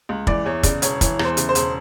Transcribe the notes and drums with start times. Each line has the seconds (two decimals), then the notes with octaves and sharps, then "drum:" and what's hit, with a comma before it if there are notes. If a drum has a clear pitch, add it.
0.09 C#2
0.27 E3 D5, drum: kick
0.46 E2 C#5
0.63 C#3 D5, drum: kick, hi-hat
0.82 E1 C#5, drum: hi-hat
1.01 E3 C#5, drum: kick, hi-hat
1.19 E2, drum: rim click
1.25 C5
1.37 C#3, drum: hi-hat
1.49 C5
1.55 E1, drum: hi-hat